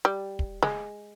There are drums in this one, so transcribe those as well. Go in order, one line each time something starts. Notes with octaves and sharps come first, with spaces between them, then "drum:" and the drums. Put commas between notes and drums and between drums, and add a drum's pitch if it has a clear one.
G3
drum: kick
G#3, drum: snare